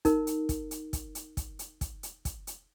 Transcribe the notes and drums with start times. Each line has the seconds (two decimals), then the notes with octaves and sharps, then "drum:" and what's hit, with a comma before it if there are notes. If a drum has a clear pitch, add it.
0.05 D#4 A#4, drum: kick, hi-hat
0.27 drum: hi-hat
0.49 drum: kick, hi-hat
0.71 drum: hi-hat
0.93 drum: kick, hi-hat
1.15 drum: hi-hat
1.37 drum: kick, hi-hat
1.59 drum: hi-hat
1.81 drum: kick, hi-hat
2.03 drum: hi-hat
2.25 drum: kick, hi-hat
2.47 drum: hi-hat